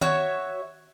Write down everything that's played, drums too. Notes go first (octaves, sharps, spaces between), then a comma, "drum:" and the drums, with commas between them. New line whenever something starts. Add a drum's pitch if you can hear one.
F#4 C#5 E5, drum: tom D#3